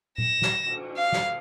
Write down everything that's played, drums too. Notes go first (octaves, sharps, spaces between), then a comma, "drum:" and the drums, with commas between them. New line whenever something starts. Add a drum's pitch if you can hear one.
A#6 E7, drum: tom A#2
drum: snare
drum: cymbal
F5
drum: snare